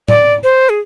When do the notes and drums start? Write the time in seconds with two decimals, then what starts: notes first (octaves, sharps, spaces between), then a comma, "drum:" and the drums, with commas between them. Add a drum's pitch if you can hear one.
0.08 D5, drum: tom A2
0.43 C5
0.69 G#4